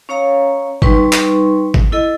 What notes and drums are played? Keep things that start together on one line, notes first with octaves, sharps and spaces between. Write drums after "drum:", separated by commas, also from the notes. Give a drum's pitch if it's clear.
C#4 C#5 F5 A#5
G3 D#4 B4 C6 C#6, drum: kick
drum: clap
drum: kick
E4 A4 D#5